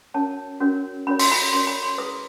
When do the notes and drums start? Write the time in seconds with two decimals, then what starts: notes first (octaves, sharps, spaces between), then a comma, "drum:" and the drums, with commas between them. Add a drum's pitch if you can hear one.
0.14 C#4 F#4 A#4 C#5 A5
0.60 C#4 F#4 A#4 C#5
1.07 C#4 F#4 A#4 C#5 B5
1.19 C6, drum: open hi-hat
1.32 B5
1.53 C#4 F#4 A#4 C#5 C6
1.67 B5
1.83 C6
1.98 E4 G#4 B4 D#6